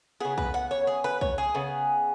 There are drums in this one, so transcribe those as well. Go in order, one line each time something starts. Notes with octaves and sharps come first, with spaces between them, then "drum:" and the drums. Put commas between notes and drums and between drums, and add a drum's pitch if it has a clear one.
C#3 B3 G#4
B4, drum: kick B1
F#5
C#5
G#4
B4
C#5, drum: kick B1
G#4
C#3 B3